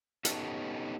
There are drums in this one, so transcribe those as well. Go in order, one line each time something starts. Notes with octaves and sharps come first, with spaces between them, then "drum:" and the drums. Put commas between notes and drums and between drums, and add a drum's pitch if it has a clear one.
B3 C#4 D#4 G4 A4, drum: hi-hat